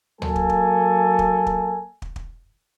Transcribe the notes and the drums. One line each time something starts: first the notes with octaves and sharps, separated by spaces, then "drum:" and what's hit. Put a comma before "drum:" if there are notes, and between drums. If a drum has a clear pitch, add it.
F#3 A#3 A4 G#5, drum: tom D2
drum: kick
drum: kick
drum: kick
drum: kick
drum: kick
drum: kick